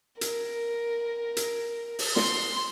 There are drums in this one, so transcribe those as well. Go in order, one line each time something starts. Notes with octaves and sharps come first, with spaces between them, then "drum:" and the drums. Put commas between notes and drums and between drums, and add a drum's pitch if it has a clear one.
A#4, drum: hi-hat
drum: hi-hat
drum: open hi-hat
C6, drum: snare